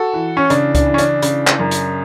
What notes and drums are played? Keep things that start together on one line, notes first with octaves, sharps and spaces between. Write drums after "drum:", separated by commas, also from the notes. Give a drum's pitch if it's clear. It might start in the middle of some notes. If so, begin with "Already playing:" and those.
Already playing: F#4 A4
E3
C#4
C#3 D4, drum: hi-hat
D4, drum: kick C#2, hi-hat
E3
C#4
D4, drum: hi-hat
C#3, drum: hi-hat
drum: clap
F#2
drum: hi-hat